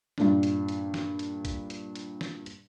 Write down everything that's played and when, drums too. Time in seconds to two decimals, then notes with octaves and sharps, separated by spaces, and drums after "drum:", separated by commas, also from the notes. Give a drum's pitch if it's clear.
0.18 G2 A#2 D4, drum: snare
0.43 drum: hi-hat
0.68 drum: hi-hat
0.94 drum: snare
1.19 drum: hi-hat
1.45 drum: kick, hi-hat
1.70 drum: hi-hat
1.95 drum: hi-hat
2.21 drum: snare
2.46 drum: hi-hat